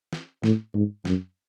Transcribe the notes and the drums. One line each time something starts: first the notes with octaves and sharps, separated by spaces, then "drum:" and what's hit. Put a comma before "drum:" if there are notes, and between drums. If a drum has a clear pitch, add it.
drum: snare
A2, drum: snare
G#2
F#2, drum: snare